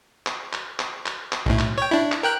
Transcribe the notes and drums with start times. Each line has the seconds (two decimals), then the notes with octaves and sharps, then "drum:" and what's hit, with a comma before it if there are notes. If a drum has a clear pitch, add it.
0.27 drum: clap
0.53 drum: clap
0.79 drum: clap
1.06 drum: clap
1.32 drum: clap
1.46 B1 A2
1.59 drum: clap
1.78 C#5 G5
1.91 D4 E4
2.12 drum: clap
2.23 A#4 G5 F#6